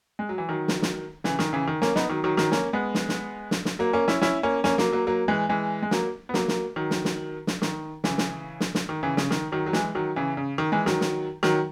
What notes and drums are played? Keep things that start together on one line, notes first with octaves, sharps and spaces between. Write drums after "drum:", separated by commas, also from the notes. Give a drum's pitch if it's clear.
G#3
F#3
E3
D#3 F#3
drum: snare
drum: snare
C#3 E3, drum: snare
D#3, drum: snare
C#3 E3
D#3
A#3 C#4, drum: snare
B3 D#4, drum: snare
D#3 F#3
D#3 F#3
D#3 F#3, drum: snare
A#3 C#4, drum: snare
G#3 B3
drum: snare
drum: snare
drum: snare
drum: snare
F#3 A#3
A#3 C#4
C#4 E4, drum: snare
C#4 E4, drum: snare
A#3 C#4
A#3 C#4, drum: snare
F#3 A#3, drum: snare
F#3 A#3
F#3 A#3
E3 G#3
E3 G#3
G#3
F#3 A#3, drum: snare
B3
F#3 A#3, drum: snare
drum: snare
D#3 F#3
drum: snare
drum: snare
drum: snare
D#3, drum: snare
C#3 E3, drum: snare
drum: snare
drum: snare
drum: snare
D#3
C#3 E3
C#3, drum: snare
D#3, drum: snare
D#3 F#3
F#3
E3 G#3, drum: snare
D#3 F#3
C#3 E3
C#3
D#3
E3 G#3
D#3 F#3, drum: snare
drum: snare
D#3 F#3, drum: snare